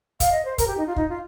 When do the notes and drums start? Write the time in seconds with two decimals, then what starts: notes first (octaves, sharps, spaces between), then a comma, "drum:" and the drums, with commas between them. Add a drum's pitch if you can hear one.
0.20 F5, drum: kick, hi-hat
0.32 D#5
0.45 C5
0.58 A#4, drum: kick, hi-hat
0.67 G4
0.78 D#4
0.87 F4
0.96 D#4, drum: kick
1.09 F4